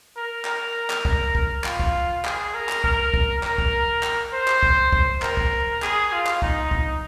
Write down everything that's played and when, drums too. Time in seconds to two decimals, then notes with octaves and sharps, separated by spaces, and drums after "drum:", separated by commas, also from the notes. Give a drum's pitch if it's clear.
0.16 A#4
0.45 A#4, drum: clap
0.90 drum: clap
1.05 drum: kick
1.35 drum: kick
1.64 F4, drum: clap
1.80 drum: kick
2.25 G#4, drum: clap
2.54 A#4
2.69 drum: clap
2.84 A#4, drum: kick
3.14 drum: kick
3.43 A#4, drum: clap
3.58 drum: kick
4.03 drum: clap
4.33 C5
4.48 drum: clap
4.63 drum: kick
4.93 drum: kick
5.22 A#4, drum: clap
5.37 drum: kick
5.83 G#4, drum: clap
6.12 F4
6.27 drum: clap
6.42 D#4, drum: kick
6.71 drum: kick